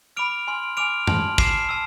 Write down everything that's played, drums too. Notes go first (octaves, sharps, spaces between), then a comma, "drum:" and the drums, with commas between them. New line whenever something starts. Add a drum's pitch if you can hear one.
B5 D6 F6 D7 F7
G#5 C6 F6
G#5 D6 F6 D7 F7
A5 C6 F6, drum: tom G2
A5 D6 F6 C7 E7, drum: kick
A5 E6